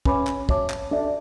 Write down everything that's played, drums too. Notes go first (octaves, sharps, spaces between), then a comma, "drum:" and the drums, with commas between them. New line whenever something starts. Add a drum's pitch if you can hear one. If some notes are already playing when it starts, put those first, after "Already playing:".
C#4 B4 E5 B5 D6, drum: kick
drum: clap
F#4 C#5 E5 A5 D6, drum: kick
drum: clap
D4 F#4 A4 E5